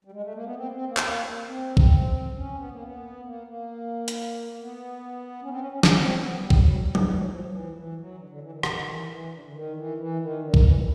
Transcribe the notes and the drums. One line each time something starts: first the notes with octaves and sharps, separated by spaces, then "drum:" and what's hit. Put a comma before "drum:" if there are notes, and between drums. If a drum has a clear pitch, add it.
G3
G#3
A3
A#3
B3
C4
C4
A#3
B3, drum: clap
A#3
C4
drum: kick
C#4
B3
A#3
B3
A#3
A#3
drum: hi-hat
B3
C#4
C4
C#4
C#4
C#4, drum: snare
C4
B3
G3
drum: kick
F#3
G3
D3, drum: tom F#3
E3
F#3
F3
F3
E3
E3
F#3
D3
D3
E3
D#3
D#3, drum: rim click
E3
E3
D3
D3
D#3
E3
E3
D#3
D3
D#3, drum: kick
E3